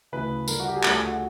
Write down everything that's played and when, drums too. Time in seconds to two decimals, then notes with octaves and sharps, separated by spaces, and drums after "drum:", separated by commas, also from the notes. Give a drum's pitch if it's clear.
0.12 D2 C#3 E3 B4
0.48 G2 D3 F3 A#4, drum: tambourine
0.60 F#4
0.68 G4
0.76 G#4
0.84 D2 D3 F3 A4, drum: clap
0.95 G#4
1.07 F#4